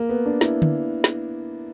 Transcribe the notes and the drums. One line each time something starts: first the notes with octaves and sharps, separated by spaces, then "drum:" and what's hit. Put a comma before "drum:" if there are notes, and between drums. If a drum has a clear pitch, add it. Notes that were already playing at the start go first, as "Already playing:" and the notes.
Already playing: A#3
B3
D4
E4, drum: snare
drum: tom D3
drum: snare